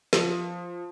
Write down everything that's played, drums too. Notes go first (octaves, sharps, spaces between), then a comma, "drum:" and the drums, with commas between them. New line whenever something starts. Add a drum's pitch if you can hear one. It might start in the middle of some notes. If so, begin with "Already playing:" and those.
F3, drum: snare